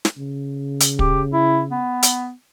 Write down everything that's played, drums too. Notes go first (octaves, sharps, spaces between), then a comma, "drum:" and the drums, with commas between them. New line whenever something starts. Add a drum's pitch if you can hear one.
drum: snare
C#3
drum: hi-hat
G4, drum: kick
E4
B3
drum: hi-hat